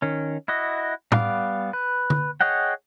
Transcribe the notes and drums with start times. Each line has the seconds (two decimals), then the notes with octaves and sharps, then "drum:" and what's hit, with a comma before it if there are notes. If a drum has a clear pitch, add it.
0.02 D#3 C#4
0.48 E4 F#4 D#5
1.12 G3 B3 F5 D6, drum: tom
1.73 B4
2.10 drum: tom D3
2.41 G#4 C#5 D#5 F#5 G5